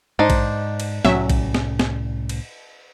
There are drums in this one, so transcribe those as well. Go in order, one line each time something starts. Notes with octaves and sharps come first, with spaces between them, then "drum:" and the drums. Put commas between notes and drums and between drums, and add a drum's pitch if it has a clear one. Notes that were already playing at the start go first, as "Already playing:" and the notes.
G#2 D4 D#4 C5
drum: kick A#1, cymbal
drum: cymbal
C2 A2 F#3 C#4 E5, drum: snare
drum: kick A#1, cymbal
drum: snare
drum: snare
drum: cymbal